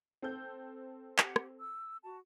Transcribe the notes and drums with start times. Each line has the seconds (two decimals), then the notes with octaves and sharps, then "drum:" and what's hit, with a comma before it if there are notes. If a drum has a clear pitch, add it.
0.22 C4 A4 G6
1.18 G4 F#5, drum: clap
1.36 drum: rim click
1.59 E6
2.03 F#4 A5